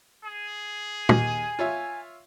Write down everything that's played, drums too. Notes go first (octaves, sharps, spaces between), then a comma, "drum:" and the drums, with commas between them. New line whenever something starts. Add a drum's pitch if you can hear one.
G#4
D#2 G#5, drum: tom
F4 C#5 E5